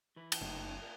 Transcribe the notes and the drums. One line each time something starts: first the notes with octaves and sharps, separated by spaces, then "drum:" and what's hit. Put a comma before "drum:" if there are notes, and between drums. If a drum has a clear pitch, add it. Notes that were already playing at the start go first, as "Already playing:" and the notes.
E3 B4
drum: cymbal
F#1 A3 C#4 D#4
A#4 D5 G#5